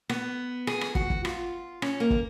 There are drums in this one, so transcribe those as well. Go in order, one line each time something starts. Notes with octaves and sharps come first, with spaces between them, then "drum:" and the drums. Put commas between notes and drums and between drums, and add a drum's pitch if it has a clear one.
B3, drum: rim click
G#4, drum: rim click
drum: rim click
F#4, drum: kick
drum: kick
F4, drum: rim click
C#4, drum: rim click
A#3
drum: kick